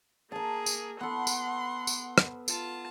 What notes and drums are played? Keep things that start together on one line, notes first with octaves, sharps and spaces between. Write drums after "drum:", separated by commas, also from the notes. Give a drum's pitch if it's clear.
A#3 G#4 A5 A#5
drum: tambourine
B3 A4 F#5 C6
drum: tambourine
drum: tambourine
drum: rim click
F4 A5, drum: tambourine